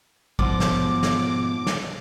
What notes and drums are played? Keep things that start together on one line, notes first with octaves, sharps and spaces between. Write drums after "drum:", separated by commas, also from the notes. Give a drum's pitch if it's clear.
G#2 B2 F3 D6, drum: kick A1
drum: snare
drum: snare
drum: snare